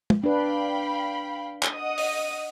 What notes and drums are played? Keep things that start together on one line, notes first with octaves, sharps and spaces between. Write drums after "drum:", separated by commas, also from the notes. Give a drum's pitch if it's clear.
drum: tom
D4 B4 F5 G5 B5
drum: clap
D#5 F#5 D#6
drum: open hi-hat